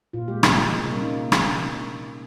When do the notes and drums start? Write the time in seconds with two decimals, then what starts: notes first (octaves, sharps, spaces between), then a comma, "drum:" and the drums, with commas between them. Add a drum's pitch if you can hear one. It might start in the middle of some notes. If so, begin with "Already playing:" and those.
0.13 A#2 F4
0.28 G#3 G4
0.43 A#2 G4, drum: rim click
0.57 G#3 G4
0.72 C3 F4
0.88 G3 A#3
0.96 C#4
1.02 C3 D#4
1.32 drum: rim click